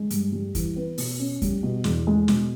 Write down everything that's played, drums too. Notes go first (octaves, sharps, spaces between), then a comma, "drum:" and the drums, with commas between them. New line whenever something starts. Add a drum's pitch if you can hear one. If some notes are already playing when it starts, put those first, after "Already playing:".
Already playing: G#3
G2, drum: hi-hat
G3
E3, drum: kick, hi-hat
B3
B2, drum: open hi-hat
C#4
G3, drum: kick, hi-hat
B2
E2, drum: snare
G#3
B2, drum: snare